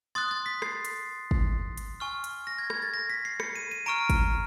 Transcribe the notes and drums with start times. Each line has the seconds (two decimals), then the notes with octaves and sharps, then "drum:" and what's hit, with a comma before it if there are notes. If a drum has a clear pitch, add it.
0.15 C6 D#6 F#6 A6
0.31 A6
0.46 B6
0.62 C7, drum: rim click
0.85 drum: hi-hat
1.31 drum: kick
1.77 drum: hi-hat
2.00 G#5 C#6 F6
2.24 drum: hi-hat
2.47 A#6
2.59 G#6
2.70 G#6, drum: rim click
2.82 A6
2.94 A#6
3.09 B6
3.25 C7
3.40 C#7, drum: rim click
3.56 D#7
3.71 D#7
3.86 A#5 C#6 F6 D7
4.10 drum: kick, hi-hat